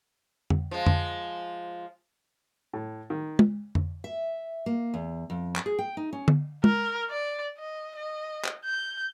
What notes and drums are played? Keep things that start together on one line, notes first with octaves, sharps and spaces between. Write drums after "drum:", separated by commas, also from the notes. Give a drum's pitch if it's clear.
drum: tom F2
F3 G#3
drum: tom F2
A2
D#3
drum: tom
drum: tom F2
E5
A#3
E2
F2
drum: clap
G#4
G5
D#4
C#4
drum: tom
A#4, drum: tom
D5
D#5
D#5
drum: clap
G6